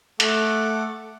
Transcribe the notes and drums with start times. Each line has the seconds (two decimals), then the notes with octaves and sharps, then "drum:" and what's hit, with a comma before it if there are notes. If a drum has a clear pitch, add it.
0.20 A3 A4 F#5 D6, drum: hi-hat